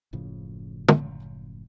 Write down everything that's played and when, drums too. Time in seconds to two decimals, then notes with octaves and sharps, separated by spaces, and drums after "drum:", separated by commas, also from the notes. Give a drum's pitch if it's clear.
0.13 F#1 A2 C#3 F3
0.89 drum: tom